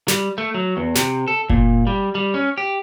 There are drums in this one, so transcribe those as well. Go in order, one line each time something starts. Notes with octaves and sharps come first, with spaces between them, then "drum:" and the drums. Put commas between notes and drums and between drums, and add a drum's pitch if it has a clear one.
G3, drum: snare
A3
F#3
E2
C3, drum: snare
A4
A#2, drum: kick F#1
G3
G3
C#4
G4